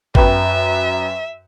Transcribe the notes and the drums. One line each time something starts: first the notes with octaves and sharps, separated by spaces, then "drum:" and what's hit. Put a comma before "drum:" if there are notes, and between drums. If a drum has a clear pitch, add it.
F#2 B4 E5 G5, drum: kick G#1